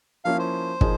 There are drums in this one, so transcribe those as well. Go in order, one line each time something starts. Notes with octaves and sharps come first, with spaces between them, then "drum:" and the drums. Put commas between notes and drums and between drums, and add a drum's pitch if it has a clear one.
F3 A#3 C#4 E4 F5
C5
A#2 F3 A#3 D#4 G#4, drum: kick